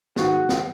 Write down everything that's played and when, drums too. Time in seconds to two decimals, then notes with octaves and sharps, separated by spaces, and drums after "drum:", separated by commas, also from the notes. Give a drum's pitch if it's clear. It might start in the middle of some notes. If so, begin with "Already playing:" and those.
0.16 G#2 D#3 G#3 B3 F#4, drum: snare
0.49 drum: snare